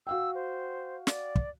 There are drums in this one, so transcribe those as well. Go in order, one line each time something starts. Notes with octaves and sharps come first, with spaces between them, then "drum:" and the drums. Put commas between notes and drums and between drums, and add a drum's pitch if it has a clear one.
F#4 F5 G5 E6
C5
D5, drum: snare
drum: kick